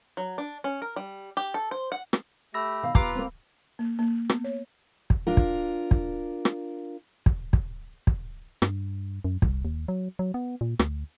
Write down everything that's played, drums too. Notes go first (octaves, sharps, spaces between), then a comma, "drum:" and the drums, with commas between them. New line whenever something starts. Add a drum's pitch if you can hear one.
F#3
D4
C#4
A#4
G3
G4
A4
C5
F#5
drum: rim click
A3 G4 B5 E6 A#6
B2 D#3 F5
F4 G4 B4 F5 A#5 D6, drum: kick
A#3 C4
A#3
A#3
B3, drum: rim click
C#5
drum: kick
D4 F4 A#4
drum: kick
drum: kick
drum: rim click
drum: kick
drum: kick
drum: kick
G2, drum: rim click
F#2
C2, drum: kick
D#2
F#3
F#3
B3
A#2
D2, drum: rim click